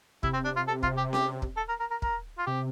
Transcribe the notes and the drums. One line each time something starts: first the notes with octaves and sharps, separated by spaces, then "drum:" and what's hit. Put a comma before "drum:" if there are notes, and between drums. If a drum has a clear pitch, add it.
C3 E4, drum: kick
C4
D4
F4
A4
F4, drum: kick
G4
G4, drum: snare C#4
drum: kick
A4
A#4
A#4
A#4
A#4, drum: kick
F4
C3 G4